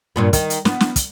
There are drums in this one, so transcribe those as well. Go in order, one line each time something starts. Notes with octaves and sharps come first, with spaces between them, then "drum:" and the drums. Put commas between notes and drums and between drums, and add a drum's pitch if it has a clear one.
G2 A#2 B3
D#3, drum: kick, hi-hat
drum: hi-hat
B3, drum: snare
drum: snare
drum: kick, hi-hat